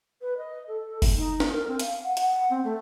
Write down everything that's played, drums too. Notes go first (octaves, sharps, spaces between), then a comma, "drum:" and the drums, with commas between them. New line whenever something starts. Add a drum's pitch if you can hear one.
B4
D#5
A4
drum: kick F#1, open hi-hat
D#4
drum: snare
A#4
C4
F5, drum: hi-hat
F#5
F#5, drum: hi-hat
C4
A3